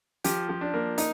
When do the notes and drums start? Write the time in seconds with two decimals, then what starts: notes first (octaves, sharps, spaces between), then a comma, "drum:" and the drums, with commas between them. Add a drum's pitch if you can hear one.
0.24 F3 G4, drum: hi-hat
0.49 F3
0.61 D4
0.74 A#3
0.98 D#4, drum: hi-hat